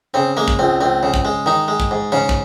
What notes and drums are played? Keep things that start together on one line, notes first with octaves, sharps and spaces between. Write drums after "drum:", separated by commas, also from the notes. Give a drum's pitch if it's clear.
C#3 C4
G#3 A#3
drum: kick
C#2 C4
C#2 C4
C#3
drum: kick
G#3
D#3 D#4
G#3
drum: kick
G#2
G#2 C#3 C#4
drum: kick